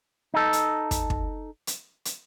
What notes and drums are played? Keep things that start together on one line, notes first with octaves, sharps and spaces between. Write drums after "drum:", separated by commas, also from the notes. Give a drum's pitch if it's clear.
D#4 A4
drum: hi-hat
drum: kick, hi-hat
drum: kick
drum: hi-hat
drum: hi-hat